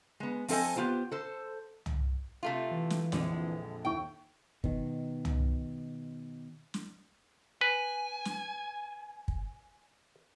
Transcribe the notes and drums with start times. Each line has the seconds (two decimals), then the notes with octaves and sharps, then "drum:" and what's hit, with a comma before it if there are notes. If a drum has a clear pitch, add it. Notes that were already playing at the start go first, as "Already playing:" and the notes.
0.20 G#3 B3
0.48 F3 C4 A4 D#5 G#5, drum: open hi-hat
0.76 B3 C4 F4 G4 C5
1.11 A4 C5
1.86 drum: tom
2.43 C3 A3 F4
2.71 E3
2.90 drum: snare
3.12 A#1 F2 D3 G#3, drum: snare
3.85 D#2 E4 G5 C#6
4.64 B2 D#3, drum: kick
5.25 drum: tom
6.74 drum: snare
7.61 B4 G#5
8.25 drum: snare
9.28 drum: kick